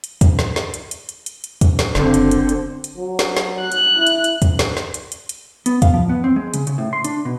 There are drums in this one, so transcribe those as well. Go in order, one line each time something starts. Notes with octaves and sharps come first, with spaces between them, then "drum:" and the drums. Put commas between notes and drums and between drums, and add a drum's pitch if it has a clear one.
drum: hi-hat
drum: kick, hi-hat
drum: snare
drum: snare
drum: hi-hat
drum: hi-hat
drum: hi-hat
drum: hi-hat
drum: hi-hat
drum: kick, hi-hat
drum: snare
F#1 D3 C4, drum: snare
drum: hi-hat
drum: hi-hat
drum: hi-hat
drum: hi-hat
F#3
drum: snare
drum: snare
F#6
drum: hi-hat
E4
drum: hi-hat
drum: hi-hat
drum: kick, hi-hat
drum: snare
drum: snare
drum: hi-hat
drum: hi-hat
drum: hi-hat
B3, drum: hi-hat
F5, drum: kick, hi-hat
F3
B3
C4
G#3
C#3, drum: hi-hat
C#3, drum: hi-hat
A2
C6
D4, drum: hi-hat
B2